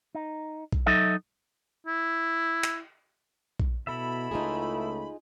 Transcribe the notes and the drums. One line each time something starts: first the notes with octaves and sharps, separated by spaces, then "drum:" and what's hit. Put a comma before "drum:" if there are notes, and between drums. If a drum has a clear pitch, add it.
D#4
drum: kick A#1
F#3 D#4 A4 D#5 E5
E4
drum: clap
drum: kick A#1
B2 E4 A4 E5 B5
C#2 A3 D#4 F4 G#4